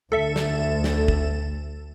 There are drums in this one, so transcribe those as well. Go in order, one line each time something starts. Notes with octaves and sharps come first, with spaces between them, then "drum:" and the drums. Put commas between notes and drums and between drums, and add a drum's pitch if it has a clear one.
D2 A4 E5
drum: snare
drum: snare
drum: kick